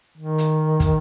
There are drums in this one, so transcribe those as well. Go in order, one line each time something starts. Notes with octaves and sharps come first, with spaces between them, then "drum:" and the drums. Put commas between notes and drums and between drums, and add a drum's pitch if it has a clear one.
D#3
drum: hi-hat
drum: kick, hi-hat